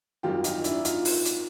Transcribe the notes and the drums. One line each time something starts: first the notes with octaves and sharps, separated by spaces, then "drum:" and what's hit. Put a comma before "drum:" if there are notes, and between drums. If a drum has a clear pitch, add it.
G#1 F#2 D#3 G3 F4 G4
D#4 F4, drum: hi-hat
D4 E4, drum: hi-hat
D#4 F4, drum: hi-hat
drum: open hi-hat
drum: hi-hat